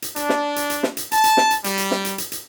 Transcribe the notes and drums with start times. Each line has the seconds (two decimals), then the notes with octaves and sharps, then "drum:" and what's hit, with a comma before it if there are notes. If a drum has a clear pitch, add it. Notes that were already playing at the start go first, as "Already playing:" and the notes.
0.02 drum: hi-hat
0.16 D4, drum: hi-hat
0.29 drum: snare
0.56 drum: hi-hat
0.70 drum: hi-hat
0.83 drum: snare
0.97 drum: hi-hat
1.12 A5, drum: hi-hat
1.24 drum: hi-hat
1.37 drum: snare
1.51 drum: hi-hat
1.64 G3, drum: hi-hat
1.78 drum: hi-hat
1.91 drum: snare
2.05 drum: hi-hat
2.18 drum: hi-hat
2.32 drum: hi-hat